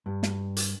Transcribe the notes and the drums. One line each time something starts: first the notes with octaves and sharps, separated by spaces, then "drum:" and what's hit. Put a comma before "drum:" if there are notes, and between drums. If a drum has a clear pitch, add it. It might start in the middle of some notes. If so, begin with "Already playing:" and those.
G2
drum: snare
drum: hi-hat